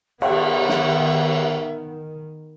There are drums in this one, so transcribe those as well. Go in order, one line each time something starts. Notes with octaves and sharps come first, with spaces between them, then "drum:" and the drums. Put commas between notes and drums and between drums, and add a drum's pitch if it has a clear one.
D#3 B3 E5, drum: cymbal
drum: snare